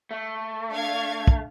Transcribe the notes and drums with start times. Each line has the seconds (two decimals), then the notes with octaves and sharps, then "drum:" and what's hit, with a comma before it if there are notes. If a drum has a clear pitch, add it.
0.11 A3
0.72 D4 F5 G#6
1.27 drum: kick